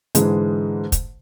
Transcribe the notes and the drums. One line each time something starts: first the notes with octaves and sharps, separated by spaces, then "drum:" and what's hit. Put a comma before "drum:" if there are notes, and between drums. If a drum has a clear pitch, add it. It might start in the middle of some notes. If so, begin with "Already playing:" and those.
G#2 D3 E3 G#3, drum: hi-hat
drum: kick, hi-hat